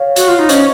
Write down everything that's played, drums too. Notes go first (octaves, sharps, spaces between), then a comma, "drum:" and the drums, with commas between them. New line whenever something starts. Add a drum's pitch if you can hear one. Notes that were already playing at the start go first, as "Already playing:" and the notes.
Already playing: C#5 F5
F#4, drum: hi-hat
F4
D#4
C#4 C5 D#5, drum: hi-hat